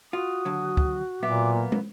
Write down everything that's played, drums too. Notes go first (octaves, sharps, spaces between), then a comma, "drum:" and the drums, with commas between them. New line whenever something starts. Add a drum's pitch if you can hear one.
F4 F#4 D#6
D#2 D3 F#3
drum: kick C#2
B1 A#2 B3 E5 D6
A#3
drum: tom